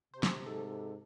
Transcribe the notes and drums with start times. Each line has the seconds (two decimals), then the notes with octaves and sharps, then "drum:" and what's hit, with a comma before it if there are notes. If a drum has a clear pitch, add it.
0.14 C3 C5
0.23 drum: snare
0.46 G#2 A4